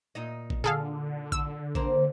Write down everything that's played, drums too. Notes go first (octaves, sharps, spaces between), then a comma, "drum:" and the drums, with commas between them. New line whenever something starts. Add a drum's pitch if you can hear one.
A#2 D#4 D#5
drum: kick
D3 G#4 A4 F5, drum: tom A#2
E6, drum: kick
A#3 C4 C5, drum: kick